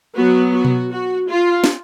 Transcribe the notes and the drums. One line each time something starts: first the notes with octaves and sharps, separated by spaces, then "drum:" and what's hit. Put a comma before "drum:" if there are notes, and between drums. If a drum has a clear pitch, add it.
F#3 B3 F#4
F#4
drum: tom B2
F#4
F4
drum: snare